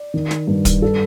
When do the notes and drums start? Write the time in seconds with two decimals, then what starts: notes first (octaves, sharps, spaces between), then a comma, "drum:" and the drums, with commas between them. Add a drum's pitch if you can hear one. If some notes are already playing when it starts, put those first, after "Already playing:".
Already playing: D5
0.14 D#3
0.31 drum: snare
0.47 G2
0.65 drum: kick, hi-hat
0.82 A4